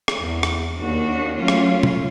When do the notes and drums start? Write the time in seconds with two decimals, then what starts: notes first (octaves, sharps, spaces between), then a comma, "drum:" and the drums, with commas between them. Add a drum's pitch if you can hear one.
0.08 drum: rim click
0.19 E2
0.43 drum: rim click
0.78 D#2 D4 F#4
1.38 F#3 A3 C#4 F4
1.48 drum: rim click
1.83 drum: tom